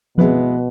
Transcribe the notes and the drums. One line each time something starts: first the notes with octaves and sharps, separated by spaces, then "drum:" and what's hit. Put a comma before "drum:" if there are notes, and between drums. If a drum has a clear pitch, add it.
B2 G#3 B3 E4 B4, drum: tom F3